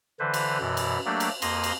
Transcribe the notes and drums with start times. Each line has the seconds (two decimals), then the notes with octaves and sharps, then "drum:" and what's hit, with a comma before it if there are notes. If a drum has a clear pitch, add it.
0.19 D3 E3 B4 C5
0.34 drum: cymbal
0.60 F#2 B2 E3
0.77 drum: cymbal
1.06 F#3 A3 A#3 D4 G4
1.20 drum: cymbal
1.42 F2 A#3 C6 D#6 A#6, drum: cymbal
1.64 drum: cymbal